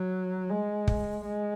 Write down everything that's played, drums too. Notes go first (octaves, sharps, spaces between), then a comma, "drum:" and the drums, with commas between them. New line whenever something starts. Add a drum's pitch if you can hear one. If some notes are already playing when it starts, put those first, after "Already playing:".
Already playing: F#3
G#3
drum: kick
G#3